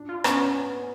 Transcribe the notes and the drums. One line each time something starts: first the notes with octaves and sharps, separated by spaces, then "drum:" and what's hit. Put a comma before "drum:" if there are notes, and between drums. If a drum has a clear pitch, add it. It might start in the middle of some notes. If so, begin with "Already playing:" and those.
Already playing: D4
F4
B3 C#4, drum: rim click